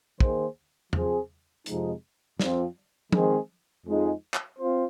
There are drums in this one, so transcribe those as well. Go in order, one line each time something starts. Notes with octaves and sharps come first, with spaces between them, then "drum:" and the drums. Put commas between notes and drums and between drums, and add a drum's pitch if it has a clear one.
D#3 A#3 G#4 C5, drum: kick
F3 C4 G#4 C5, drum: tom E2
F2 C3 F3 G#3 D#4, drum: hi-hat
F2 F3 C4 F4, drum: snare
D#3 G#3 C4 G#4 C5, drum: tom
F2 F3 G#3 D#4
drum: clap
C4 F4 C5